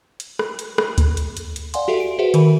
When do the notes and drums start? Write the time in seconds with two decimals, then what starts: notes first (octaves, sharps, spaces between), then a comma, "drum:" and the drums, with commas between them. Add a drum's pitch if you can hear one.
0.20 drum: hi-hat
0.39 drum: rim click
0.59 drum: hi-hat
0.78 drum: rim click
0.98 drum: kick D2, hi-hat
1.17 drum: hi-hat
1.37 drum: hi-hat
1.56 drum: hi-hat
1.74 D5 F5 F#5 G#5 C6, drum: hi-hat
1.88 F#4 G4 A4 E5
2.00 D7
2.19 F#4 G#4 B4 C5 E5 F#5
2.34 D#3 A4 A#4 B5, drum: hi-hat